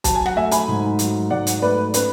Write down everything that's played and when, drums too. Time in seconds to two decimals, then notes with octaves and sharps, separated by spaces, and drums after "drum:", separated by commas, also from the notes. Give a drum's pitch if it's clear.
0.04 F#3 A5, drum: kick, hi-hat
0.15 G#5
0.26 F#5, drum: rim click
0.36 A3 E5 G#5
0.51 G#5 B5, drum: hi-hat
0.68 G#2
0.99 F#3, drum: hi-hat
1.31 G#2 D5 F#5
1.47 drum: hi-hat
1.62 A3 B4 D5
1.94 C#4 B4, drum: hi-hat